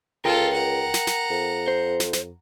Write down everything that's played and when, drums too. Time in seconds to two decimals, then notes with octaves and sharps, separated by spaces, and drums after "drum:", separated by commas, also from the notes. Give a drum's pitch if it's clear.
0.25 C#2 F4 A4 A#4 G5
0.54 F#5 A#5
0.94 drum: snare
1.07 drum: snare
1.30 F2
1.68 C5
2.00 drum: snare
2.13 drum: snare